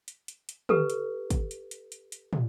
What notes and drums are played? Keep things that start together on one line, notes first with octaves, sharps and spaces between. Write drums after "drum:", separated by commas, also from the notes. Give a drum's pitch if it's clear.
drum: hi-hat
drum: hi-hat
drum: hi-hat
G4 A4 B4, drum: tom
drum: hi-hat
drum: kick, hi-hat
drum: hi-hat
drum: hi-hat
drum: hi-hat
drum: hi-hat
drum: tom